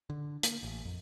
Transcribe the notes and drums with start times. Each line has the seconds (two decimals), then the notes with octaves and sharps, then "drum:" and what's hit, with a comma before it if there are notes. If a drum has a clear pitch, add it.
0.10 D3
0.43 A#3, drum: hi-hat
0.63 A1
0.85 F2